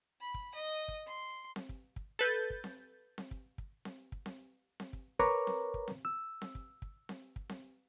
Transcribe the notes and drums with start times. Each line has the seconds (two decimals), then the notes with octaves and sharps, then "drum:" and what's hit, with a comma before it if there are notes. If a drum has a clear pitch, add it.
0.21 B5
0.34 drum: kick
0.54 D#5
0.88 drum: kick
1.07 C6
1.56 drum: snare C4
1.69 drum: kick
1.96 drum: kick
2.19 A4 B4 G6 A6
2.50 drum: kick
2.64 drum: snare C4
3.18 drum: snare C4
3.31 drum: kick
3.58 drum: kick
3.85 drum: snare C4
4.12 drum: kick
4.26 drum: snare C4
4.80 drum: snare C4
4.93 drum: kick
5.19 A#4 B4 C#5 A#5 C#6 D6, drum: kick
5.47 drum: snare C4
5.74 drum: kick
5.88 drum: snare C4
6.05 E6
6.42 drum: snare C4
6.55 drum: kick
6.82 drum: kick
7.09 drum: snare C4
7.36 drum: kick
7.49 drum: snare C4